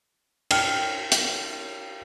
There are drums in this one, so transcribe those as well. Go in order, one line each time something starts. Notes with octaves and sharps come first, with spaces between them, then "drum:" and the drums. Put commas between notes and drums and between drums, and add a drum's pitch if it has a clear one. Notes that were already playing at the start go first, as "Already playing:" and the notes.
G5 F6, drum: cymbal
drum: hi-hat